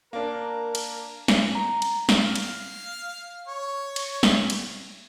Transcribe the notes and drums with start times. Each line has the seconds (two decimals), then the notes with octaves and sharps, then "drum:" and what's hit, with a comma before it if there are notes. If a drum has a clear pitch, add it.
0.13 A#3 D4 A#4
0.75 drum: cymbal
1.28 drum: snare
1.55 A#5
1.82 drum: cymbal
2.09 drum: snare
2.23 F5
2.36 drum: cymbal
3.47 C#5
3.96 drum: cymbal
4.23 drum: snare
4.50 drum: cymbal